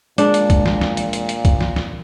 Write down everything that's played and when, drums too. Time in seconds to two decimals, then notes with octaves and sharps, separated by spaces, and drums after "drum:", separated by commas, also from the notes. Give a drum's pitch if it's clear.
0.18 A#2 G#3 D4, drum: hi-hat
0.34 drum: hi-hat
0.50 drum: kick, hi-hat
0.66 drum: snare
0.81 drum: snare
0.97 drum: hi-hat
1.13 drum: hi-hat
1.29 drum: hi-hat
1.45 drum: kick, hi-hat
1.61 drum: snare
1.76 drum: snare